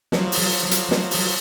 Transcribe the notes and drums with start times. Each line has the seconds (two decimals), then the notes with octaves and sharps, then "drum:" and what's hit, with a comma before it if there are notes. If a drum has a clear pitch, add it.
0.12 F3 F#3, drum: snare
0.32 drum: open hi-hat
0.71 drum: hi-hat
0.91 drum: snare
1.11 drum: open hi-hat